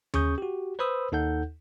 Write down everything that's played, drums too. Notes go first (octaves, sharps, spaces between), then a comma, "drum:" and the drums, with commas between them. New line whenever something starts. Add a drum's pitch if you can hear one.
C#4 G#4 C#6 D#6 G6, drum: tom D#2
F#4 G4
B4 C5 B5 D#6 E6
D#2 D#4 A4 F#5 G6